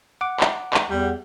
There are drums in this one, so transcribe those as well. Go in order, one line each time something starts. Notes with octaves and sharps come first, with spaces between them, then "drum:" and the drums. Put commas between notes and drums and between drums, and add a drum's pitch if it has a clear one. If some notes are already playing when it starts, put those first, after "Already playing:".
F#5 D6
drum: clap
drum: clap
E2 G3